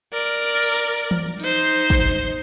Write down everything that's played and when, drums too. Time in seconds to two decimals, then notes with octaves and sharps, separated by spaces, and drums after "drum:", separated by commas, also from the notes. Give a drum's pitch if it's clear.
0.13 A#4 D5
0.63 drum: tambourine
1.11 drum: tom E3
1.40 D#4 C5, drum: open hi-hat
1.90 drum: kick